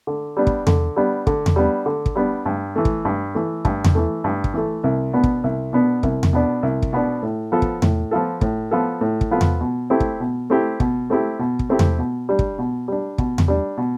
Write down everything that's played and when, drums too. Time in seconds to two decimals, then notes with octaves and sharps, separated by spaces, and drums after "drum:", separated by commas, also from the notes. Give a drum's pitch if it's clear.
0.07 D3
0.37 G3 B3 D4
0.47 drum: kick
0.67 D3, drum: tom E2
0.96 G3 B3 D4
1.27 D3, drum: kick
1.46 drum: tom E2
1.56 G3 B3 D4
1.86 D3
2.06 drum: kick
2.16 G3 B3 D4
2.46 G2
2.75 E3 A3
2.85 drum: kick
3.05 G2
3.35 E3 A3
3.65 G2, drum: kick
3.84 drum: tom E2
3.95 E3 A3
4.24 G2
4.44 drum: kick
4.54 E3 A3
4.84 C2
5.13 B2 B3 D4
5.24 drum: kick
5.44 C2
5.73 B2 B3 D4
6.03 C2, drum: kick
6.23 drum: tom E2
6.33 B2 B3 D4
6.63 C2
6.82 drum: kick
6.93 B2 B3 D4
7.22 A2
7.52 F3 B3 F4 A4
7.62 drum: kick
7.82 A2, drum: tom E2
8.11 F3 B3 F4 A4
8.41 A2, drum: kick
8.71 F3 B3 F4 A4
9.01 A2
9.21 drum: kick
9.31 F3 B3 F4 A4
9.41 drum: tom E2
9.61 B2
9.90 A3 C4 E4 G4
10.00 drum: kick
10.20 B2
10.50 A3 C4 E4 G4
10.80 B2, drum: kick
11.10 A3 C4 E4 G4
11.39 B2
11.59 drum: kick
11.69 A3 C4 E4 G4
11.79 drum: tom E2
11.99 B2
12.29 G3 D4
12.39 drum: kick
12.58 B2
12.88 G3 D4
13.18 B2, drum: kick
13.38 drum: tom E2
13.48 G3 D4
13.78 B2